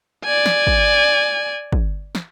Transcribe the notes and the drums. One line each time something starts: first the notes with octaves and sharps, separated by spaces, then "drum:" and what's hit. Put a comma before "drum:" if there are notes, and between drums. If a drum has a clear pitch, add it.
D5 G#5
drum: snare
drum: kick
drum: kick
drum: snare